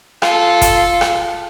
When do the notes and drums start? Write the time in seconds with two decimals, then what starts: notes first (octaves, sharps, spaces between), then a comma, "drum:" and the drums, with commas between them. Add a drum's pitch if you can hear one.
0.22 F4 A4, drum: rim click
0.61 drum: kick, hi-hat
1.01 drum: rim click